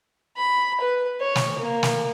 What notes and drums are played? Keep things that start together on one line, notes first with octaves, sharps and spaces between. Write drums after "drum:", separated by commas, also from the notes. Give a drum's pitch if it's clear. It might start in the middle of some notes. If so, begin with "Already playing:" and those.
B5
B4
C#5
drum: snare
A#3
drum: snare